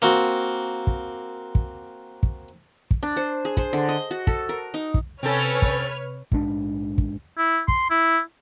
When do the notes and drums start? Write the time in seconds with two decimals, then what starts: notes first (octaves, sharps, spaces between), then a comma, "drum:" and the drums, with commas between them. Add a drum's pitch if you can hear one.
0.02 A#3 C4 F#4
0.87 drum: kick
1.55 drum: kick
2.23 drum: kick
2.91 drum: kick
3.03 D4
3.16 C5
3.45 G#4
3.57 C5, drum: kick
3.73 D3
3.89 D#5
4.11 F#4
4.27 A4, drum: kick
4.49 A#4
4.74 D#4
4.94 drum: kick
5.23 C3 C4 C#4 A4 B4 C#5 F6
5.62 drum: kick
6.32 A#1 G#2 D4, drum: kick
6.98 drum: kick
7.38 E4
7.68 C6, drum: kick
7.90 E4